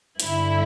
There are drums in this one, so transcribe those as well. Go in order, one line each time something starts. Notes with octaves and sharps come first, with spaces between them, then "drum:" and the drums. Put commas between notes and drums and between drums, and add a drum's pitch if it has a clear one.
G2 D3 E4, drum: hi-hat